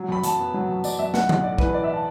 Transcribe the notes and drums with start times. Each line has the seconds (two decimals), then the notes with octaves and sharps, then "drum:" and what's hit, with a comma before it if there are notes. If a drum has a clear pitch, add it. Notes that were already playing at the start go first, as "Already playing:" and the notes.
Already playing: F#3
0.09 F#2 B5
0.24 F#2 A5, drum: hi-hat
0.39 B3
0.54 F#3
0.69 F#2
0.84 F#2 D5, drum: tambourine
0.99 F#2 E5
1.14 B1 F#5, drum: snare
1.29 B1, drum: tom D3
1.44 A2 D5
1.58 E3 B4, drum: kick A#1
1.74 E3 D5
1.84 E5
1.94 A5